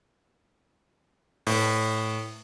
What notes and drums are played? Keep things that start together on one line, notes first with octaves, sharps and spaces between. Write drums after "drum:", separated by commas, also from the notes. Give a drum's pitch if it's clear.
A2, drum: open hi-hat